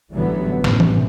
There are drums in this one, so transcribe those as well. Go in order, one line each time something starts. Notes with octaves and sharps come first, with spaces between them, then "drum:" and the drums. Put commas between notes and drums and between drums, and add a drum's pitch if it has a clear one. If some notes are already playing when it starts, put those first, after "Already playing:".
A1 D3 E3 F#3 G3 B3
A1 F#2 C3, drum: snare
drum: tom E3